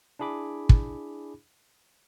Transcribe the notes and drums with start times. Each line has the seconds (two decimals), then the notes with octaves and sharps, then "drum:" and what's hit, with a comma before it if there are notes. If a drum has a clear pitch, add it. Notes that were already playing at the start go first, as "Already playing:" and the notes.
0.19 D4 E4 G#4 B5 D6
0.69 drum: kick